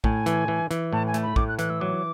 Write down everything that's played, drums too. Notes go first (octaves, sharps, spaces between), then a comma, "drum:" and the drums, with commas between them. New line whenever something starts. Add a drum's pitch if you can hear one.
A2 G#5, drum: kick
E3, drum: hi-hat
E3
E3, drum: hi-hat
A2 A5
G#5
A3, drum: hi-hat
B5
A2 D6, drum: kick
F#6
E3 F#6, drum: hi-hat
E6
F#3 D6